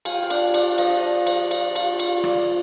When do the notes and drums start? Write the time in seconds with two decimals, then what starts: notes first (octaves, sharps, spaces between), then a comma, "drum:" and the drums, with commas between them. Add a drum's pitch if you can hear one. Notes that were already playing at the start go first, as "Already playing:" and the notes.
0.05 F4 G#5, drum: cymbal
0.14 G5
0.22 F5
0.30 D4 G5, drum: cymbal
0.54 D4, drum: cymbal
0.78 F3 D#5, drum: cymbal
1.02 D4
1.27 F3, drum: cymbal
1.51 F4, drum: cymbal
1.76 F4, drum: cymbal
1.99 F4, drum: cymbal
2.24 F4 D5, drum: rim click